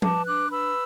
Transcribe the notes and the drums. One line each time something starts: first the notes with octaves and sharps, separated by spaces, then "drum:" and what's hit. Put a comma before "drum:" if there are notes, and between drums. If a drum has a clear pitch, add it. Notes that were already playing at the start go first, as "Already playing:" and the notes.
B4 A5 D6, drum: tom F3
D4 D6 F#6
B4 B5 E6